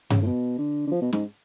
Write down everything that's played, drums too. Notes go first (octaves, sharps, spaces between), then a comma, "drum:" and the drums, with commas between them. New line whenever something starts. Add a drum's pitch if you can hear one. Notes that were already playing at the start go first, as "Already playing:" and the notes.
C#3, drum: tom G2
A2
B2
D3
D3
F3
B2
G#2, drum: snare